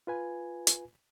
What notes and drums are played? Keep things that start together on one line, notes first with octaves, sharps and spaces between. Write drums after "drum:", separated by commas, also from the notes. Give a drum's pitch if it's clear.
F4 B4 G#5
drum: hi-hat